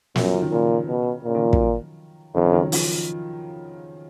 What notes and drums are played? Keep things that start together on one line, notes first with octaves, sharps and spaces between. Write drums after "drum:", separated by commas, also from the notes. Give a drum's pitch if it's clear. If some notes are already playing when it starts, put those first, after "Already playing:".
F#2 F3, drum: snare
F#3
F3
D#3
A#2 C#3
B2
A#2 C#3
D#3
F3
F#3, drum: kick
F2 D#3
C#3
D#3
F#3
F3, drum: open hi-hat